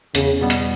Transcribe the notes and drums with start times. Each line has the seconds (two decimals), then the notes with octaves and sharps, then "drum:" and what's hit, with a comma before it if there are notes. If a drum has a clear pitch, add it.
0.15 E2 C#3, drum: hi-hat
0.41 B2 G3 B3
0.50 drum: hi-hat